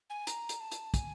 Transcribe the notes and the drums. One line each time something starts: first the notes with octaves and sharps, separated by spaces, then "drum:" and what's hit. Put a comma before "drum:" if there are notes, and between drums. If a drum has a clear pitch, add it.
G#5
A#5, drum: hi-hat
drum: hi-hat
A5
drum: hi-hat
G#5, drum: kick, hi-hat